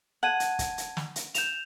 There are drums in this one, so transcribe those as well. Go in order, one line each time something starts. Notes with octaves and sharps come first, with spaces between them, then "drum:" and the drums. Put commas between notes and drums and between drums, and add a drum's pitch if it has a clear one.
F#5 A5 G#6 D#7
drum: hi-hat
drum: kick, hi-hat
drum: hi-hat
drum: snare
drum: hi-hat
G6 E7 F7, drum: hi-hat